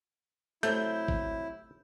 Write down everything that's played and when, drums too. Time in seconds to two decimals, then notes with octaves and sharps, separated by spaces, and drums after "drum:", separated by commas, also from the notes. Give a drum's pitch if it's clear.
0.63 C3 F#3 A3 E4 G6, drum: hi-hat
1.08 drum: kick